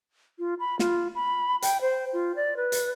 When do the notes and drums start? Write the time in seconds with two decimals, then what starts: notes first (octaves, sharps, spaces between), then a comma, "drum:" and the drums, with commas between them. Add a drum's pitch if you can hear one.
0.39 F4
0.60 B5
0.79 F4, drum: snare
1.15 B5
1.62 G5, drum: hi-hat
1.81 C5
2.13 F4
2.36 D5
2.57 B4
2.72 drum: hi-hat